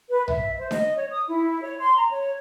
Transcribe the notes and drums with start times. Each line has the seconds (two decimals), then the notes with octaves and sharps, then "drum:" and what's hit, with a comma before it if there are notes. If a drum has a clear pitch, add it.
0.10 B4
0.28 E5, drum: tom
0.59 C5
0.71 D#5, drum: snare D4
0.97 C#5
1.11 D#6
1.29 E4
1.62 C#5
1.78 C6
1.97 A#5
2.10 C#5